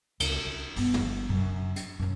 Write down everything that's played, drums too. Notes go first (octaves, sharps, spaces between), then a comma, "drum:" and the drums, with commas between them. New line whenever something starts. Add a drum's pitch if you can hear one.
C#2, drum: cymbal
C#2
G1 B3, drum: open hi-hat
drum: tom
F#2 C#3
drum: hi-hat
F#2 C#4